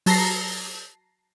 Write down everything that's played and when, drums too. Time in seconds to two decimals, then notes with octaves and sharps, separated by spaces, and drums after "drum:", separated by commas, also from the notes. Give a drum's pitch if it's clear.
0.06 F#3 A5 A#5 A#6 C7, drum: open hi-hat